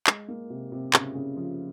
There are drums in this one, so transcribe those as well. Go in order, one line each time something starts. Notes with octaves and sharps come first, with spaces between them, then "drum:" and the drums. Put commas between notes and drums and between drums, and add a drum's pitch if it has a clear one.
G#3, drum: clap
A#3
C3
C3
C#3, drum: clap
C#3
F3